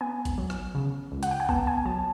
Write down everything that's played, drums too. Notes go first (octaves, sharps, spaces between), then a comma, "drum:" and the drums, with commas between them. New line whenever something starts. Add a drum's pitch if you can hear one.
B3 G#5
drum: kick A1, hi-hat
F#3
drum: rim click
C#3
C#2
F#5, drum: hi-hat
G5
G#5
B3 A5, drum: kick A1
G#5
F#3 A5